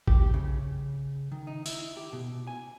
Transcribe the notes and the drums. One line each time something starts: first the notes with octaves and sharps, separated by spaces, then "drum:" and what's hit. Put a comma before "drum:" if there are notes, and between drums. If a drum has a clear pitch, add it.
G4, drum: kick A1
C#3
D#3
D#4
E4, drum: tambourine
G4
B2
G#5